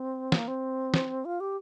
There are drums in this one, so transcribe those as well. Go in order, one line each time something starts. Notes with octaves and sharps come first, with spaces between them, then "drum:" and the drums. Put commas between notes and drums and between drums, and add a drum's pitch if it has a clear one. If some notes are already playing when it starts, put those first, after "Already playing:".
Already playing: C4
A#3, drum: snare
C4
drum: snare
F4
G4